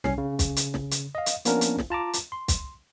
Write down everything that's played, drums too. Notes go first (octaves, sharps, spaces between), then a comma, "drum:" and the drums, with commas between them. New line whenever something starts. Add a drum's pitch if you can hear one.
C2 C#4 C7, drum: snare
C#3
drum: kick, hi-hat
drum: hi-hat
drum: snare
drum: hi-hat
D#5 F5
drum: hi-hat
F3 A#3 B3 C#4 D4 A#4, drum: hi-hat
drum: hi-hat
drum: snare
F4 A5 A#5 D6
drum: hi-hat
C6
drum: kick, hi-hat